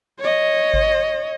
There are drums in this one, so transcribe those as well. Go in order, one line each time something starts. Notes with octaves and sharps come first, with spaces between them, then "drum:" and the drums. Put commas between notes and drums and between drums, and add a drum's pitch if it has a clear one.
C#5 D#5
drum: kick G#1